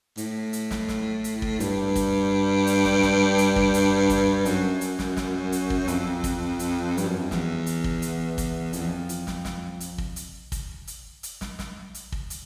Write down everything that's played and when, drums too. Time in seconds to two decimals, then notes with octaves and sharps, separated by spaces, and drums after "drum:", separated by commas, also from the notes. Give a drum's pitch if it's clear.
0.17 A2, drum: hi-hat
0.53 drum: hi-hat
0.71 drum: snare
0.89 drum: snare
1.24 drum: hi-hat
1.42 drum: kick
1.60 G2, drum: hi-hat
1.96 drum: kick, hi-hat
2.67 drum: hi-hat
2.85 drum: snare
3.03 drum: snare
3.38 drum: hi-hat
3.56 drum: kick
3.74 drum: hi-hat
4.10 drum: kick, hi-hat
4.45 F#2, drum: hi-hat
4.81 drum: hi-hat
4.99 drum: snare
5.17 drum: snare
5.52 drum: hi-hat
5.70 drum: kick
5.88 F2, drum: hi-hat
6.24 drum: kick, hi-hat
6.59 drum: hi-hat
6.97 G2, drum: hi-hat
7.08 F#2
7.20 F2
7.31 E2, drum: snare
7.66 drum: hi-hat
7.84 drum: kick
8.02 drum: hi-hat
8.38 drum: kick, hi-hat
8.73 F2, drum: hi-hat
8.81 E2
8.88 F2
9.09 drum: hi-hat
9.27 drum: snare
9.45 drum: snare
9.80 drum: hi-hat
9.98 drum: kick
10.16 drum: hi-hat
10.52 drum: kick, hi-hat
10.87 drum: hi-hat
11.23 drum: hi-hat
11.41 drum: snare
11.59 drum: snare
11.95 drum: hi-hat
12.12 drum: kick
12.30 drum: hi-hat